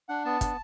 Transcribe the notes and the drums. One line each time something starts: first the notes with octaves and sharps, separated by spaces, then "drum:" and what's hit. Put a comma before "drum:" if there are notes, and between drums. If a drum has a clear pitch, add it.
D4 F#5
B3 A5
D4, drum: kick, hi-hat